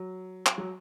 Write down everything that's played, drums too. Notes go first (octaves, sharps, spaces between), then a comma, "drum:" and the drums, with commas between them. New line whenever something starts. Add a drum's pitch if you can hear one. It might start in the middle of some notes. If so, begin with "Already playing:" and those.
Already playing: F#3
drum: clap
F#3